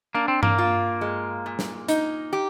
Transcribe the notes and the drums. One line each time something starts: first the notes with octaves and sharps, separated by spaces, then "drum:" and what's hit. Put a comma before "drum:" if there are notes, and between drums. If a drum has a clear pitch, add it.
A#3 D4
C4
A#3, drum: tom G2
F4
G#3
A#2
drum: snare
D#4, drum: hi-hat
G4